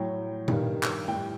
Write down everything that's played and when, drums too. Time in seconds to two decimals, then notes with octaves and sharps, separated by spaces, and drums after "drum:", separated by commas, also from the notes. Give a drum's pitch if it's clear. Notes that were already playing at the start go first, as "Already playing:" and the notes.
Already playing: A2 F#3 G5
0.48 G2 D#3 G3, drum: tom A#2
0.83 drum: clap
1.08 A2 G3 G5